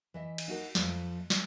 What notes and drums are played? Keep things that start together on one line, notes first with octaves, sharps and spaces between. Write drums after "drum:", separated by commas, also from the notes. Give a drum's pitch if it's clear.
E3 D#5 E5
drum: cymbal
D#4 F#4 A#4
F2 F3 A3, drum: snare
drum: snare